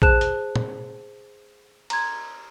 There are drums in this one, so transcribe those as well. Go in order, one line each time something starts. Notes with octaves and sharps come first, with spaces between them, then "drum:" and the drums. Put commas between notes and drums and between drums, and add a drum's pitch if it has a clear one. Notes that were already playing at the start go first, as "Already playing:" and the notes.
G#4 C5 A5 F#6 E7, drum: kick A#1
drum: hi-hat
drum: tom
A#5 C6 G#6, drum: cymbal